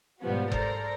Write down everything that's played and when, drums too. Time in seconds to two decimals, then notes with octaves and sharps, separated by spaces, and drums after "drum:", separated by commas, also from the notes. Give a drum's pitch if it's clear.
0.22 G#2 B2 F3 G3 B3 F#4
0.52 A4 A#4 C5 D5 A#5, drum: kick F#1